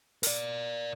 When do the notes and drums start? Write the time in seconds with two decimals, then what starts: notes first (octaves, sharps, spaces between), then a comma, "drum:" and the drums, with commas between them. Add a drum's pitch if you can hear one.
0.23 A#4 D5, drum: open hi-hat